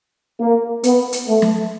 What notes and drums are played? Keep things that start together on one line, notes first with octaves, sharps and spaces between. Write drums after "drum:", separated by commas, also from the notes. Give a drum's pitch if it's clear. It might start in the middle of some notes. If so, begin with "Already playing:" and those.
A#3
B3, drum: hi-hat
drum: hi-hat
A3
drum: snare